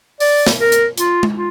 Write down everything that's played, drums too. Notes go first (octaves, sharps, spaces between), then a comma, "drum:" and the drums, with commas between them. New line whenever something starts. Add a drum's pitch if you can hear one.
D5, drum: open hi-hat
drum: snare
A#4
drum: hi-hat
F4, drum: hi-hat
drum: tom G#3
F4